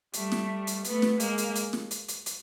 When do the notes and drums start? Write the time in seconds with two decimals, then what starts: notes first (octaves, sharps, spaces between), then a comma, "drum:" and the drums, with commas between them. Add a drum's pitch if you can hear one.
0.13 G3 A3, drum: hi-hat
0.32 drum: snare
0.67 drum: hi-hat
0.84 A3 B3, drum: hi-hat
1.02 drum: snare
1.20 G#3 A#3, drum: hi-hat
1.38 drum: hi-hat
1.55 drum: hi-hat
1.73 drum: snare
1.91 drum: hi-hat
2.08 drum: hi-hat
2.26 drum: hi-hat